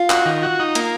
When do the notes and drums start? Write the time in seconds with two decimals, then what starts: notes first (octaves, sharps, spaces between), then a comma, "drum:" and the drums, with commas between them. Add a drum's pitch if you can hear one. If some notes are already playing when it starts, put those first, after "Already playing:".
Already playing: F4
0.10 F#4, drum: clap
0.26 D#3
0.43 F#4
0.59 D#4
0.75 A#3, drum: hi-hat